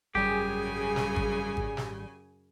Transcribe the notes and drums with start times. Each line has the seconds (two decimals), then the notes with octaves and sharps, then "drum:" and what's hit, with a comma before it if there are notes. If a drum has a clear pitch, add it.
0.15 G#1 F#2 C#3 G3 G4 G#4 G#5
0.96 drum: snare
1.16 drum: kick G#1
1.57 drum: kick G#1
1.77 drum: snare